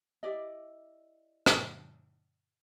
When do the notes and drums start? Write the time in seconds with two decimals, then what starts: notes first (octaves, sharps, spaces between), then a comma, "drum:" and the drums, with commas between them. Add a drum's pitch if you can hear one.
0.23 E4 G4 D5 D#5
1.46 drum: rim click